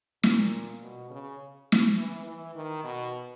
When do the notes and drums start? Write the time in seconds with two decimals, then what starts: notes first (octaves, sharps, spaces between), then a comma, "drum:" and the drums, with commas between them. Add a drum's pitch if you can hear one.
0.23 A#2, drum: snare
0.81 B2
1.10 C#3
1.72 drum: snare
1.97 E3
2.26 E3
2.55 D#3
2.84 B2